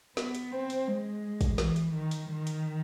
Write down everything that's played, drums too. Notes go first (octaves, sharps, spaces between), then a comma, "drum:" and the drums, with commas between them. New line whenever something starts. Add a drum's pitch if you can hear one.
B3, drum: snare
drum: hi-hat
C4
drum: hi-hat
G#3
drum: kick, hi-hat
E3, drum: snare
drum: hi-hat
D#3
drum: hi-hat
D#3
drum: hi-hat